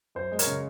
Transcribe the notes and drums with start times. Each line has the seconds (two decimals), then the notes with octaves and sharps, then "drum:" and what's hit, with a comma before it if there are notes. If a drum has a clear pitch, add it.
0.15 F#2 C5
0.32 G#3
0.39 A#4 C#5, drum: hi-hat
0.46 C#3